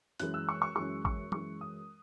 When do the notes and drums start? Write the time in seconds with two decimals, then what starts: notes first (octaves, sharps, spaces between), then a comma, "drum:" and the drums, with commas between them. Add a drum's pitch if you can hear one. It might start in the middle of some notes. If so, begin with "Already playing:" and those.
0.19 F#2 E3 G#3 F#6, drum: hi-hat
0.34 E6
0.49 C#6
0.62 C#6
0.76 F#2 E3 G#3 C#6
1.05 C#6, drum: kick
1.32 F#2 E3 G#3 C#6, drum: tom
1.61 D#6